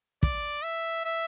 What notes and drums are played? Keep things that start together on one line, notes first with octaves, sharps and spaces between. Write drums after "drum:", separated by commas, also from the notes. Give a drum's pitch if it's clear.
D5, drum: kick
E5
E5